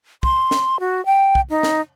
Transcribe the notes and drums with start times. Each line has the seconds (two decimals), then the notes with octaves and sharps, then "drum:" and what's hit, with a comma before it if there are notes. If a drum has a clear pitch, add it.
0.23 C6, drum: kick
0.51 drum: snare
0.80 F#4
1.06 G5
1.35 drum: kick
1.50 D#4
1.63 drum: snare